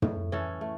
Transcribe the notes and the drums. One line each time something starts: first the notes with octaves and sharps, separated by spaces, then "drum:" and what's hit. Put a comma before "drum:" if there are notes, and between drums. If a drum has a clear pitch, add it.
A2, drum: tom
E3 C#4 A4
A3